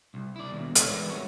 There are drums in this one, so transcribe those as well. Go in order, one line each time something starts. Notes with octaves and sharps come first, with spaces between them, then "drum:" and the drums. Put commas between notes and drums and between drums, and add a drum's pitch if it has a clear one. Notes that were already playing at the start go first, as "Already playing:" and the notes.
C2
E4 D5
D#2 B2
G#2 G#3 A4 C#5, drum: hi-hat
E2 G#3 A#4 B4 D5 E5
G3 G#3 C4 D#4 F#4 C#5